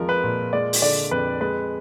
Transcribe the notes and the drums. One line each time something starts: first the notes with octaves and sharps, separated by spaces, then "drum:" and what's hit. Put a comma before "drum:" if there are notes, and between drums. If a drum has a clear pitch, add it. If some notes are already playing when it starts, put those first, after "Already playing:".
Already playing: F2 F3 G#3 A#4
B4
A#2
G#3 D5
drum: open hi-hat
D3 D5
F2 B4
G#3 B4